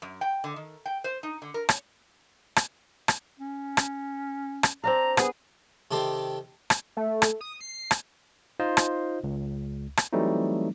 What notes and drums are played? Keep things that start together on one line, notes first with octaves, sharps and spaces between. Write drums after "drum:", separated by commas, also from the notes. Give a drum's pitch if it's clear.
F#2
G5
D3
D#3
G5
C5
D#4
D3
A#4
C#5, drum: rim click
drum: rim click
drum: rim click
C#4
drum: rim click
drum: rim click
C4 D4 F5 A#5
B3 G#4, drum: rim click
C3 D#3 G4 A4 D5 C6
drum: rim click
A3
drum: rim click
D#6
C7
drum: rim click
D#4 F4 C5 D#5
drum: rim click
C#2
drum: rim click
E3 F#3 G3 A3 C4 D#4